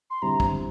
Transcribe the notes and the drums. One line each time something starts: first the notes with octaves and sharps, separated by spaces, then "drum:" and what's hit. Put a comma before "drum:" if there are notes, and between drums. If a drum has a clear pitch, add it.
C6
D3 G3 C4 E4 A#5
drum: kick